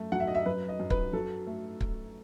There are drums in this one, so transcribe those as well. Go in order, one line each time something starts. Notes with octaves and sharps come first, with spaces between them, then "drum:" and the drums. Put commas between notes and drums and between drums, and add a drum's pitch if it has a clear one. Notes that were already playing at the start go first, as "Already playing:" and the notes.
Already playing: F#2 A3
F#3 F#5
E5
D#5
E5
F#2 B4
D#5
F#2
B4, drum: kick
F#3 A4
A3
drum: kick